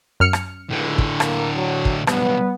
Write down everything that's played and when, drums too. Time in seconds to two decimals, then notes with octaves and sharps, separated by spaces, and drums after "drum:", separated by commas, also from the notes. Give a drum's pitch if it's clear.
0.20 F#2 F6 C#7
0.33 drum: rim click
0.70 C#2 A2 D3
0.98 drum: kick
1.20 A#3, drum: rim click
1.56 F#3
1.85 drum: kick
2.07 B1 G2 B3, drum: rim click